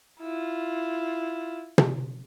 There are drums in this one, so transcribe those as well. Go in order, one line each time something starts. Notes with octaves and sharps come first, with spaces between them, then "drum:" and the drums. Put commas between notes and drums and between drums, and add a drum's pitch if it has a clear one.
E4 F4
drum: tom